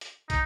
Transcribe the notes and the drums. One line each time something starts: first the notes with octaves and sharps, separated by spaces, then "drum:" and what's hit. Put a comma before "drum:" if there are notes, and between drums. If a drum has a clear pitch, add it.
drum: hi-hat
D#4, drum: kick, hi-hat